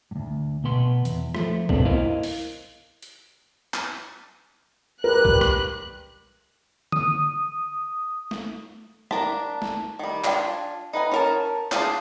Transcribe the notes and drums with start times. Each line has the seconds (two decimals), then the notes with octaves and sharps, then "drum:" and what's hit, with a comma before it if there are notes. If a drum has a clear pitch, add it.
0.11 D2 G2
0.64 B2 B3 C6
1.05 E2, drum: hi-hat
1.35 F3 A3, drum: rim click
1.69 G2 B2 A3 B3 C4 D4, drum: kick
1.85 E4 A#4 C5 D#5 F5
2.23 drum: open hi-hat
3.02 drum: hi-hat
3.74 drum: clap
5.04 G3 G4 A#4 B4 F#6
5.25 drum: kick
5.41 drum: rim click
6.92 D#6, drum: tom D3
8.31 drum: snare
9.11 D4 A#4 A5, drum: rim click
9.62 drum: snare
9.99 D#3 G3
10.24 D4 F4 D5 G5 G#5, drum: clap
10.93 D#4 B4 D#5 G#5
11.11 C#4 A#4 A5
11.72 D4 F4 G#4 D5, drum: clap